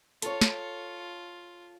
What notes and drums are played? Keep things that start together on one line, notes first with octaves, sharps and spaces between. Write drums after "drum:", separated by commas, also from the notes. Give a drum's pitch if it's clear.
F4 A4 C#5, drum: hi-hat
drum: snare